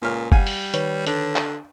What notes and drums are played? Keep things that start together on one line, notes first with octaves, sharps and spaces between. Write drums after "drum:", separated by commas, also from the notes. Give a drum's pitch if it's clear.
C#2 A#2 C#4 F6
G3 F5 F#5 G#5, drum: kick
drum: open hi-hat
D#3 B4 C#5, drum: hi-hat
D3 D4, drum: hi-hat
drum: clap